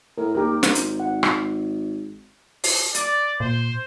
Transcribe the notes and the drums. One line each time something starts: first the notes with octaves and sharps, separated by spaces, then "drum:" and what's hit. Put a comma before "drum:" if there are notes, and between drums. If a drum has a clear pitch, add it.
A2 A#4
D#2 G4 A#4
G#1 A#4 C5, drum: snare
drum: hi-hat
F#5
drum: rim click
drum: open hi-hat
D5, drum: hi-hat
A#2 C5